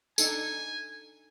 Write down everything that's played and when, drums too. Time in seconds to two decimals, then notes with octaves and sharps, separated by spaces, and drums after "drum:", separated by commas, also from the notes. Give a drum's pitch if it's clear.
0.18 D4 D#4 A4 G#5, drum: tambourine